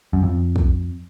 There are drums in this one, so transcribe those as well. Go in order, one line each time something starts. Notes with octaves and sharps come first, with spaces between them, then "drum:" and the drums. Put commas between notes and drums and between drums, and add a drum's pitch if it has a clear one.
F#2
F2
drum: kick